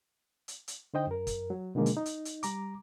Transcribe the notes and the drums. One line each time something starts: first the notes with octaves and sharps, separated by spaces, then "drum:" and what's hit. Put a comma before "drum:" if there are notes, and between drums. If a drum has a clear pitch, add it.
drum: hi-hat
drum: hi-hat
D3 D#4 C5 D#5 G5
F#2 A#4
drum: kick, hi-hat
F#3
B2 D3 D#3 F3 G#3 A#3
drum: hi-hat
D#4
drum: hi-hat
drum: hi-hat
G3 A#5 D6, drum: hi-hat